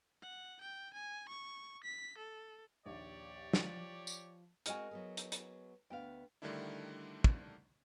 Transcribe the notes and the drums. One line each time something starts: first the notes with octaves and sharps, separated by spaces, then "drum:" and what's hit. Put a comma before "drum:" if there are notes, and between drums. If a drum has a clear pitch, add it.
F#5
G5
G#5
C#6
B6
A4
A#1 D#2 G4 C#5 D5
drum: snare
F3
drum: tambourine
G#3 C4 F#4 A#4 D#5 G#5, drum: hi-hat
F#3 B3 G#4
drum: hi-hat
drum: hi-hat
D2 B3 F5 G5
D3 D#3 G3 A3 D4 E4
drum: kick